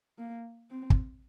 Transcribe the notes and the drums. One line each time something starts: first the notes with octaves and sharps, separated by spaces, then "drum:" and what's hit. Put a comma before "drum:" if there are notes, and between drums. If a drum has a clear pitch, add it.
A#3
C4
drum: kick